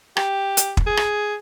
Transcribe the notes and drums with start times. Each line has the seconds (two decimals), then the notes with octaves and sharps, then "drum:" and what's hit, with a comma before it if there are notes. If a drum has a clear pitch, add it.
0.17 G4, drum: rim click
0.57 drum: hi-hat
0.77 drum: kick
0.87 G#4
0.97 drum: rim click